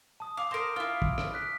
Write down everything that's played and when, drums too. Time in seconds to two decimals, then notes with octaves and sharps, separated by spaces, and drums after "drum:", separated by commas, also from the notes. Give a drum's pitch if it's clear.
0.20 A5 D#6
0.37 F5 D6
0.51 A#4 C5 D#6 A#6 D7
0.76 E4 F4 F6
1.02 drum: kick
1.18 drum: rim click
1.34 F#6 B6